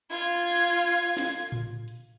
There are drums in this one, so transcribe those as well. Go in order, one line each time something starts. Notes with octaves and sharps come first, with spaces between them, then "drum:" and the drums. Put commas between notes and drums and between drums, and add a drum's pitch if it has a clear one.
F4 G#6
drum: hi-hat
drum: snare
drum: tom A2
drum: hi-hat